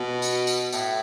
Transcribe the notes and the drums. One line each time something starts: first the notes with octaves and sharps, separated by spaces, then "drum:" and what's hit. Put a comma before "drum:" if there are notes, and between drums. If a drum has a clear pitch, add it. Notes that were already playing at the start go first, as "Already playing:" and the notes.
Already playing: B2
drum: tambourine
drum: tambourine
A2, drum: tambourine